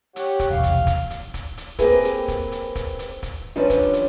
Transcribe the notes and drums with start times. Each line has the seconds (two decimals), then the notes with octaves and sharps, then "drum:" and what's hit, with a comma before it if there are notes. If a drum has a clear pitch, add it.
0.16 G4 C#5 F#5, drum: hi-hat
0.40 drum: kick, hi-hat
0.50 F1 B1 E2 F5
0.63 drum: hi-hat
0.87 drum: kick, hi-hat
1.10 drum: hi-hat
1.34 drum: kick, hi-hat
1.57 drum: hi-hat
1.79 A#3 C4 G4 G#4 B4, drum: kick, hi-hat
2.05 drum: hi-hat
2.28 drum: kick, hi-hat
2.52 drum: hi-hat
2.75 drum: kick, hi-hat
2.99 drum: hi-hat
3.23 drum: kick, hi-hat
3.55 D#2 F3 G3 C#4 D4 B4
3.70 drum: kick, hi-hat
3.93 drum: hi-hat